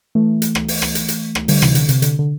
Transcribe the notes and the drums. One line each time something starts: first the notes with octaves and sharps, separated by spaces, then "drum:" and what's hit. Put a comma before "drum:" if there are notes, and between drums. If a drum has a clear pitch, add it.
E3 A3
drum: hi-hat
drum: rim click
drum: open hi-hat
drum: rim click
drum: hi-hat
drum: hi-hat
drum: rim click
D3 G3, drum: open hi-hat
C3 E3, drum: rim click
D3, drum: hi-hat
C3, drum: hi-hat
D3, drum: hi-hat
D3